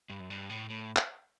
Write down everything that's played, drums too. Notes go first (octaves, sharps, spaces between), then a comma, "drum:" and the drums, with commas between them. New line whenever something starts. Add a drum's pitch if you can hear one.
G2
F#2
G2
A2
A2
drum: clap